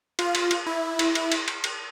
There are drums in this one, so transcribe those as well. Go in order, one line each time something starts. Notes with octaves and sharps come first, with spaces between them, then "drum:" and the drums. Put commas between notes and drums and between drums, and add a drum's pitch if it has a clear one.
F4, drum: cymbal
drum: cymbal
drum: cymbal
E4
drum: cymbal
drum: cymbal
drum: cymbal
drum: cymbal
drum: cymbal